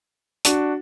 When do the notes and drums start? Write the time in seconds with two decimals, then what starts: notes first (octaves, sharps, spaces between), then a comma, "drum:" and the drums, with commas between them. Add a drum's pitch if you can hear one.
0.45 D4 F#4, drum: hi-hat